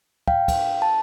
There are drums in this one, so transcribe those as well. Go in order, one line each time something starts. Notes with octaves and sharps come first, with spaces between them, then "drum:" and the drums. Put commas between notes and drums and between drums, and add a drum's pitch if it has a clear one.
F5 G5, drum: kick
drum: kick, cymbal
A5